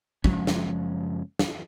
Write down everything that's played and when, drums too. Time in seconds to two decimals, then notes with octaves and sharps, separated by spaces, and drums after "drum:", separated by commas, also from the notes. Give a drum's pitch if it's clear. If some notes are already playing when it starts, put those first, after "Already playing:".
0.24 F#1 F3 G#3 C#4, drum: kick
0.47 drum: snare
1.39 drum: snare